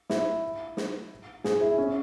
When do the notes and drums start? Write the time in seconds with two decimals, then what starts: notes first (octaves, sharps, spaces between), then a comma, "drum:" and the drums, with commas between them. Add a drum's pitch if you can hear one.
0.10 E4, drum: snare
0.77 drum: snare
1.44 G#4, drum: snare
1.61 E4
1.78 C#4